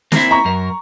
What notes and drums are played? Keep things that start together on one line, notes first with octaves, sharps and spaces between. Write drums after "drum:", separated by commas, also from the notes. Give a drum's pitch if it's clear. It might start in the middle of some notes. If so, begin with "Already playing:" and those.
A#3 C4 E4, drum: snare
A#5 C#6
F#2 A#4